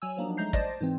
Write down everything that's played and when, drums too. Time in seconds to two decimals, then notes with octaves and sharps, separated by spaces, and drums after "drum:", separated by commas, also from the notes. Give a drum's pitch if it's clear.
0.02 F#3 G#5 E6
0.17 F3 F#3 A#3 D4 D#4
0.37 G#3 A3 A#5 G6 C7
0.53 C5 D5 D#5 A5 A#6, drum: kick
0.81 G#2 E3 C4